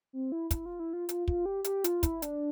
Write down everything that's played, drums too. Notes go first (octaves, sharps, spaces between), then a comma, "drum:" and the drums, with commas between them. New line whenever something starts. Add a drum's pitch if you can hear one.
C4
E4
E4, drum: kick, hi-hat
F4
E4
F4
F4, drum: hi-hat
F4, drum: kick
G4
G4, drum: hi-hat
F4, drum: hi-hat
E4, drum: kick, hi-hat
D4, drum: hi-hat